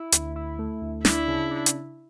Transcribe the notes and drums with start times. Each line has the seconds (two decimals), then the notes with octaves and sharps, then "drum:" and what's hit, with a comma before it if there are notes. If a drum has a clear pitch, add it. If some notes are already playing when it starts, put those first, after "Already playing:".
Already playing: E4
0.12 D2, drum: hi-hat
0.36 E4
0.59 A3
0.82 D2
1.05 D4 E4, drum: snare
1.28 C#3
1.51 D4
1.66 drum: hi-hat